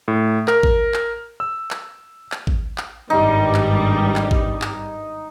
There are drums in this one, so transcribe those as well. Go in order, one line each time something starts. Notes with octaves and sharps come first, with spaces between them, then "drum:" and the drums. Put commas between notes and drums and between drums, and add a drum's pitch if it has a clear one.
A2
A#4, drum: clap
drum: kick A1
drum: clap
E6
drum: clap
drum: clap
drum: kick A1
drum: clap
G#1 G2 G3 D#4
drum: clap
drum: clap
drum: kick A1
drum: clap